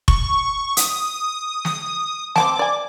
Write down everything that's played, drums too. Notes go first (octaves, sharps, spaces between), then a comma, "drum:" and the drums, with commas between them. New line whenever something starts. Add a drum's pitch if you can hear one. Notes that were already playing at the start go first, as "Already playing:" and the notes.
C#6, drum: kick F1
D#6, drum: hi-hat
drum: snare
C4 G5 A5 D6, drum: snare
D5 G#5